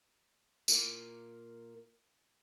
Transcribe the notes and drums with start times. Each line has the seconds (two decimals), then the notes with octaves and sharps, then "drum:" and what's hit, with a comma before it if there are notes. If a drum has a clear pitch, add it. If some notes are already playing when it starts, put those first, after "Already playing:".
0.68 A#2 A#3, drum: tambourine